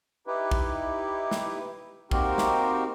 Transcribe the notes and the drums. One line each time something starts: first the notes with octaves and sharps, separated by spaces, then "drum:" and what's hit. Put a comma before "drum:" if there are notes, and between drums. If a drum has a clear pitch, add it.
D#4 E4 G4 B4
drum: kick
drum: snare
A#3 C4 D#4 F#4 G4 A#4, drum: kick
drum: snare